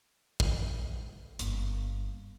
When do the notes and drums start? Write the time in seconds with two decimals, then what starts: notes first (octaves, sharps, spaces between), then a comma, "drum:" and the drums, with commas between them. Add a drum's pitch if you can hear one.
0.40 drum: kick
1.39 G1 A#3, drum: hi-hat